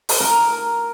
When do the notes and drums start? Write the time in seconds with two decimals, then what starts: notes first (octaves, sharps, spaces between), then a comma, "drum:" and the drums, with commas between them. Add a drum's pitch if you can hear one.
0.09 drum: open hi-hat
0.20 A#4